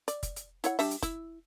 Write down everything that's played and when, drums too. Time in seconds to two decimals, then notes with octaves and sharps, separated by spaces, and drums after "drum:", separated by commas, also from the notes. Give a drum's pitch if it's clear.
0.08 D5, drum: hi-hat
0.23 drum: kick F#1, hi-hat
0.36 drum: hi-hat
0.64 E4 C#5 F#5, drum: hi-hat
0.79 G3 D4 E5, drum: open hi-hat
0.91 drum: hi-hat
1.02 E4, drum: kick F#1, hi-hat